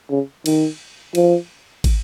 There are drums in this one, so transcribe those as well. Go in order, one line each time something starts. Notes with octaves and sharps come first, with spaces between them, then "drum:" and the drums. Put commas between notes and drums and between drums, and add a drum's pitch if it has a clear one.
C#3
D#3, drum: cymbal
F3, drum: cymbal
drum: kick, cymbal